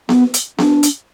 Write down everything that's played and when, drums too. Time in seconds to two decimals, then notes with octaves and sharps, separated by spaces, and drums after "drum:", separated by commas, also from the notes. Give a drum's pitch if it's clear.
0.09 B3, drum: snare B3
0.34 drum: hi-hat
0.58 D4, drum: snare B3
0.83 drum: hi-hat